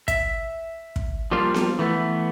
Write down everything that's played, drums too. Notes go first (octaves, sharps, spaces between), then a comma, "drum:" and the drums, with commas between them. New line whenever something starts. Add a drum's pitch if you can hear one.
E5, drum: kick, hi-hat
drum: kick
F3 G3 A#3 D4 F4
drum: snare B3
E3 A3 B3